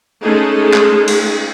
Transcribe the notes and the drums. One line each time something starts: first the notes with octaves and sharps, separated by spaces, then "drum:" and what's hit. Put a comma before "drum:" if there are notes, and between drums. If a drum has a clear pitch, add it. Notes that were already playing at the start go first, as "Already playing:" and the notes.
G#3 A3 C#4 D#4 G#4 A4
drum: clap
drum: cymbal